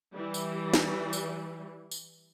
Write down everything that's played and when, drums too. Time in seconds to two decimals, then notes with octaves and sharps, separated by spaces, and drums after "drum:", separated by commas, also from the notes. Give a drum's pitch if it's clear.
0.14 E3 G3
0.34 drum: tambourine
0.73 drum: snare
1.13 drum: tambourine
1.91 drum: tambourine